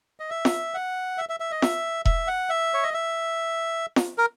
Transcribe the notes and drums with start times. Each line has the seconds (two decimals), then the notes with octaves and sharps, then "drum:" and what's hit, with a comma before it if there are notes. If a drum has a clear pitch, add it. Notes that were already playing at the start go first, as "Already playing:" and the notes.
0.20 D#5
0.30 E5
0.45 drum: snare
0.74 F#5
1.18 E5
1.29 E5
1.40 E5
1.51 D#5
1.62 E5, drum: snare
2.05 E5, drum: kick E1
2.27 F#5
2.50 E5
2.74 C#5
2.83 D#5
2.94 E5
3.96 drum: snare
4.18 A#4